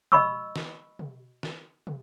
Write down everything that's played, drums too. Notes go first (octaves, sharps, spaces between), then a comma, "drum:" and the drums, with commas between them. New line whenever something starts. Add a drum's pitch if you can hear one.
D#5 B5 C#6 E6, drum: tom
drum: snare
drum: tom
drum: snare
drum: tom